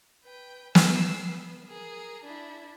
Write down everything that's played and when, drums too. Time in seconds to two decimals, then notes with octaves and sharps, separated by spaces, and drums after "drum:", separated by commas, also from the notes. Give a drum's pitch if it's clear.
0.25 B4 G5
0.75 E6 C7, drum: snare
1.28 B3
1.66 G#4 A#4
2.24 D4 E4